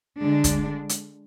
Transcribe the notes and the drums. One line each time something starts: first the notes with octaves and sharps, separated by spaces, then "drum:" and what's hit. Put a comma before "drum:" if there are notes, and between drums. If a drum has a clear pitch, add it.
D3 G#3 D4
drum: kick, hi-hat
drum: hi-hat